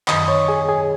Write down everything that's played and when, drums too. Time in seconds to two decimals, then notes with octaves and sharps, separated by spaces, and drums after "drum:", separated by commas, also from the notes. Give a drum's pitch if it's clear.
0.08 F#2 D#3 D#5 D#6, drum: clap
0.28 C#5 C#6
0.48 G#4 G#5
0.68 G#4 G#5